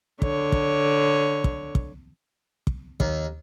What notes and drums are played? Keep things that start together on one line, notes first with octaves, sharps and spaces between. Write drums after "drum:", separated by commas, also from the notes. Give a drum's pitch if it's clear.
D3 C#5, drum: kick
drum: kick
drum: kick
drum: kick
drum: kick
D#2, drum: kick